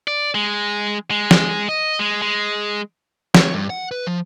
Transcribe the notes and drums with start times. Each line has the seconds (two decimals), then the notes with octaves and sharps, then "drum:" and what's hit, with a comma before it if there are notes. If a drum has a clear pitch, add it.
0.08 D5
0.35 G#3
1.11 G#3
1.31 drum: snare
1.69 D#5
1.99 G#3
2.22 G#3
3.34 C#5, drum: snare
3.54 G2
3.70 F#5
3.91 B4
4.07 F3